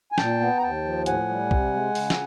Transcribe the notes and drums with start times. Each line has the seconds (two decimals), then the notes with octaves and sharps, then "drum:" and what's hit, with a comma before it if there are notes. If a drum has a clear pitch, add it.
0.12 G#5
0.18 A#2 G5 A5, drum: snare
0.40 B3
0.58 A#5
0.62 D#2 G5 A5
0.84 F3
1.06 A2 F#5 G#5, drum: hi-hat
1.29 G3
1.51 C3, drum: kick
1.73 G#3
1.95 C#3, drum: open hi-hat
2.10 drum: snare